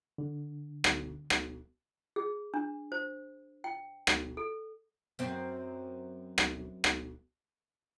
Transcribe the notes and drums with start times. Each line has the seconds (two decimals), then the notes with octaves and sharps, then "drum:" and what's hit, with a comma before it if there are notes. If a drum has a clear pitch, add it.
0.18 D3
0.84 drum: rim click
1.30 drum: rim click
2.16 G#4
2.54 D4
2.92 C5
3.64 G5
4.07 drum: rim click
4.37 A4
5.19 F#2 C4
6.38 drum: rim click
6.84 drum: rim click